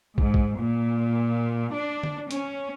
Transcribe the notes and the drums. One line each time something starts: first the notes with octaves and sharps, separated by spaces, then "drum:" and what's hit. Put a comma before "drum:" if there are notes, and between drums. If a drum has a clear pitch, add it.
G#2, drum: kick
drum: kick
A#2
D4
drum: tom D3
C#4, drum: hi-hat